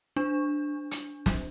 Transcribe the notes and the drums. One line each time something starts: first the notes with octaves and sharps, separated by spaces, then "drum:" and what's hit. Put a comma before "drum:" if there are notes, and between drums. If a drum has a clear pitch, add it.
D4
drum: hi-hat
drum: snare